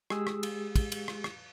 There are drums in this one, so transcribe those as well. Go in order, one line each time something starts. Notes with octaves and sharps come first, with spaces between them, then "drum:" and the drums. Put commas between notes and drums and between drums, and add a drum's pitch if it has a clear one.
G#3 G4 G#4 D#6 E6, drum: rim click
drum: rim click
drum: cymbal
drum: kick, cymbal
drum: cymbal
drum: rim click
drum: rim click